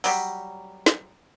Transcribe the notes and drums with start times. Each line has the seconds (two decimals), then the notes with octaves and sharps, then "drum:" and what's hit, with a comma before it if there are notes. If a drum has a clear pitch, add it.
0.04 F#3 G3, drum: open hi-hat
0.86 drum: snare